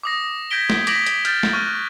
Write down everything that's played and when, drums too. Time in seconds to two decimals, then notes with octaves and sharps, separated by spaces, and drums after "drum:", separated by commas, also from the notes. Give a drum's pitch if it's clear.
0.03 D6 D#6 A#6
0.51 G6 G#6 A#6 B6 D7 G7
0.70 drum: snare
0.87 D6 A#6 B6 D7 F7 F#7, drum: hi-hat
1.06 drum: hi-hat
1.25 F6 G6 A6, drum: hi-hat
1.43 drum: snare
1.53 C#6 F6 F#6